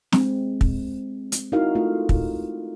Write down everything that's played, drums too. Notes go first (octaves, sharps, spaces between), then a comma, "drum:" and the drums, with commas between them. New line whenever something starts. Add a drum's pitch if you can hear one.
G#3 C4, drum: snare
drum: kick
drum: hi-hat
D#4 E4 F#4 A#4 F5
A3 F4
drum: kick